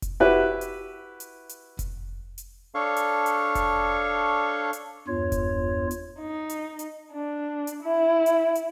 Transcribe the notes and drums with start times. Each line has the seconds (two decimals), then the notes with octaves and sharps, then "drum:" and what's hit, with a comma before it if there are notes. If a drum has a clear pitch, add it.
0.02 drum: kick F1, hi-hat
0.20 E4 F#4 G4 B4 E5
0.61 drum: hi-hat
1.20 drum: hi-hat
1.49 drum: hi-hat
1.79 drum: kick F1, hi-hat
2.38 drum: hi-hat
2.75 D4 A4 C#5 F5 C#6
2.96 drum: hi-hat
3.26 drum: hi-hat
3.55 drum: kick F1, hi-hat
4.73 drum: hi-hat
5.08 E2 G2 F4 C#5
5.32 drum: kick F1, hi-hat
5.91 drum: hi-hat
6.20 D#4
6.49 drum: hi-hat
6.79 drum: hi-hat
7.13 D4
7.67 drum: hi-hat
7.83 E4
8.26 drum: hi-hat
8.55 drum: hi-hat